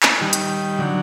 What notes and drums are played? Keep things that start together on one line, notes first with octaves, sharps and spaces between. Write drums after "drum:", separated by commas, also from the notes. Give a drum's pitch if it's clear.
drum: clap
D#3 G3
drum: hi-hat
D3 F#3